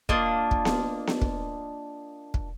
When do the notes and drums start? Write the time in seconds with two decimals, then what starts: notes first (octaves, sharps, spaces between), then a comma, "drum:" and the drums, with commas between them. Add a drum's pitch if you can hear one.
0.09 A#3 D4 F4 D#5, drum: kick
0.51 drum: kick
0.65 drum: snare B3
1.07 drum: snare B3
1.21 drum: kick
2.34 drum: kick